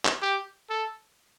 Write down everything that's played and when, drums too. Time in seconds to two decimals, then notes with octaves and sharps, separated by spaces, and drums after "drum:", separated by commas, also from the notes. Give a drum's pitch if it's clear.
0.05 drum: clap
0.22 G4
0.70 A4